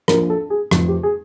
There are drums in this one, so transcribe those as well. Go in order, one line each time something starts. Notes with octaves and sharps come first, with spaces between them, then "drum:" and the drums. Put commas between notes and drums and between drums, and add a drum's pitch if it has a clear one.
A#1 A#2 F3 A#4, drum: rim click
A4
G#4
F1 F2 C3, drum: rim click
G4
G#4